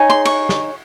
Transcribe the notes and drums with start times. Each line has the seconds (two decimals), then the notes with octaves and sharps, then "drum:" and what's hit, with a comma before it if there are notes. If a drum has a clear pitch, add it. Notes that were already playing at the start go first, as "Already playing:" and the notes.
Already playing: D#4 G#4 C#5
0.10 C6
0.25 C#6, drum: cymbal
0.49 drum: snare